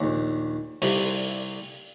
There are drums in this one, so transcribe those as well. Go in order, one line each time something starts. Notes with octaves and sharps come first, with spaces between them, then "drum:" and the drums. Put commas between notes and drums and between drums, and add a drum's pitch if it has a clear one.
A#1 D#2
C2 C3 G3 G4, drum: open hi-hat